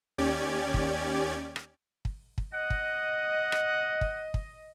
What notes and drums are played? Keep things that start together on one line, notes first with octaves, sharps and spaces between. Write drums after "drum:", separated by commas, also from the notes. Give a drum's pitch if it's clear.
D#2 C#4 G4 D5 G#6
drum: kick
drum: rim click
drum: kick
drum: kick
D#5 F#5
drum: kick
drum: rim click
drum: kick
drum: kick